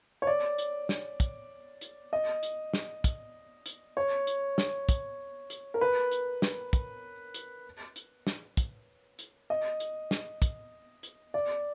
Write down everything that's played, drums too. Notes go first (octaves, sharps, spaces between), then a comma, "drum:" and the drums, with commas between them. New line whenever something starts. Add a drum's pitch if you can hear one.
C#5
D5
drum: hi-hat
drum: snare
drum: kick, hi-hat
drum: hi-hat
D#5
drum: hi-hat
drum: snare
drum: kick, hi-hat
drum: hi-hat
C#5
drum: hi-hat
drum: snare
drum: kick, hi-hat
drum: hi-hat
A#4
B4
drum: hi-hat
drum: snare
drum: kick, hi-hat
drum: hi-hat
drum: hi-hat
drum: snare
drum: kick, hi-hat
drum: hi-hat
D#5
drum: hi-hat
drum: snare
drum: kick, hi-hat
drum: hi-hat
D5